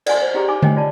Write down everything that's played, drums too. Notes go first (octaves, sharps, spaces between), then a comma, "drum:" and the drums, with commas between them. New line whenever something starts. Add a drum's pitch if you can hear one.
D5 F#5 G#5 C6, drum: cymbal
C5 C#5
C#4 E4 G4 G#4 A#5
D#4 G#5 D6
C#5 D#5 G5 G#5, drum: tom D3
F4 D5 A5